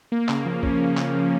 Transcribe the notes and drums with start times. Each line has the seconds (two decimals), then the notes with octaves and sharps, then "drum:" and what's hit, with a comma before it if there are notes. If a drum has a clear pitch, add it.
0.12 A#3
0.29 C#3, drum: clap
0.46 F3
0.63 C#4, drum: kick A1
0.80 A#3
0.98 C#3, drum: clap
1.15 F3